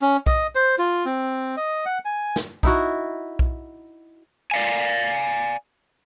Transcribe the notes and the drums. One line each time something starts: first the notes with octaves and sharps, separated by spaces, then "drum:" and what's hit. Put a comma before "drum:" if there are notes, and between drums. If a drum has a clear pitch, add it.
C#4
D#5, drum: kick B1
C5
F4
C4
D#5
F#5
G#5
drum: snare
D#4 E4 F#4, drum: kick B1
drum: kick B1
D5 F5 G#5